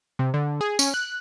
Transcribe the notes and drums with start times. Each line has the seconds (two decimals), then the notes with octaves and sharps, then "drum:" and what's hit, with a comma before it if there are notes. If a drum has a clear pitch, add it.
0.19 C3
0.34 D3
0.61 G#4
0.79 C#4, drum: tambourine
0.94 F#6